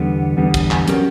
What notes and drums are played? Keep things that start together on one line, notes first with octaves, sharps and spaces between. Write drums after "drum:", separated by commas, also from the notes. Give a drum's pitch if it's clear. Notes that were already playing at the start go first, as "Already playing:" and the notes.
Already playing: E2 D3 G3 B3
E2 D3 G3 B3
drum: kick, hi-hat
drum: clap
F#3 C#4 G4 A#4, drum: hi-hat